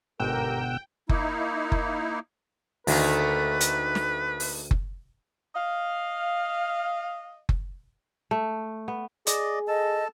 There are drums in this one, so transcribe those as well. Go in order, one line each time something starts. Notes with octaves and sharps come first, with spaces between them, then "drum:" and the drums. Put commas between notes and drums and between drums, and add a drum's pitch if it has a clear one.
G1 G#2 B2 G4 A#4 F#5 G5 E6
A#3 D#4 E4, drum: kick F#1
drum: kick F#1
D2 D#3 A3 A#3 B4, drum: open hi-hat
drum: hi-hat
drum: snare
drum: open hi-hat
drum: kick F#1
D#5 F5
drum: kick F#1
A3
B3
G#4 D5 D#5, drum: hi-hat
A4 D#5 A5